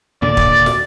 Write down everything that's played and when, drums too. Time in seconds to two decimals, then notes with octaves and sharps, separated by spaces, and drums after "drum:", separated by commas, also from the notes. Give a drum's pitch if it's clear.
0.22 D#2 A#2 D3 D5 A6
0.37 drum: kick
0.66 drum: snare